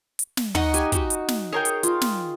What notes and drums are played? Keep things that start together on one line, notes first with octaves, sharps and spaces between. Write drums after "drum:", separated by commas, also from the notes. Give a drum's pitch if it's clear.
drum: hi-hat
drum: snare
D#4 D#5 F#5 C#6, drum: tom
G4 G#5, drum: hi-hat
D#4 F#4, drum: kick, hi-hat
drum: hi-hat
drum: snare
G#4 A#4 C#5 G5
drum: hi-hat
F4, drum: hi-hat
drum: snare